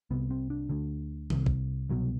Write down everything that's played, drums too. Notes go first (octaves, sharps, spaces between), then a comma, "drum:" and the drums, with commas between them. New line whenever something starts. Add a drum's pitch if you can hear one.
C2 C3 B3
C4
D4
D2 D3
C2 C3, drum: tom
drum: kick
C2 B2 F#3